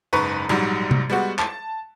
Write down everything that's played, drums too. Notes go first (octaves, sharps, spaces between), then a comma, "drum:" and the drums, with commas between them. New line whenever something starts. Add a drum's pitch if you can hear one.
F#1 G#2 B4 A#5 C#6
A#1 G#2 F#3 G3
drum: tom C3
G3 G#3 B3 F#4
A5, drum: clap